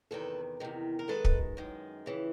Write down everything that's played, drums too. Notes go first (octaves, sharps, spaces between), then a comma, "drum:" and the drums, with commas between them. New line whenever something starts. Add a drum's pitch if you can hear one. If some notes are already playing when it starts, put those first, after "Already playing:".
E2 C3 D#3 A4 B4
E2 C3 D#3
A#4
F#2 D#3 G#3 A4 B4
drum: kick
F#2 D#3 G#3
F2 C#3 E3